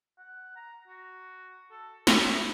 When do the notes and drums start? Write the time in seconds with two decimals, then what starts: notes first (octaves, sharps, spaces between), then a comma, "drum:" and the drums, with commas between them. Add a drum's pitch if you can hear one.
0.18 F#5
0.56 A#5
0.87 F#4
1.71 A4
2.07 D#6, drum: snare
2.30 B3